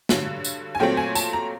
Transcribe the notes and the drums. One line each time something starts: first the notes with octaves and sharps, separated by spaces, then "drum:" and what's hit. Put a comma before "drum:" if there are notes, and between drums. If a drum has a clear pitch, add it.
G2 D3 F#3, drum: snare
drum: tambourine
G#5
A#2 F#3 A3 C4 G5
G#5
A5, drum: tambourine
A#5